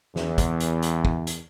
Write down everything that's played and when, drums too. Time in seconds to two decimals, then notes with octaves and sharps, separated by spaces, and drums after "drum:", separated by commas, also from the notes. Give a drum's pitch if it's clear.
0.16 E2, drum: snare
0.38 drum: kick, hi-hat
0.60 drum: hi-hat
0.82 drum: hi-hat
1.05 drum: kick
1.27 drum: hi-hat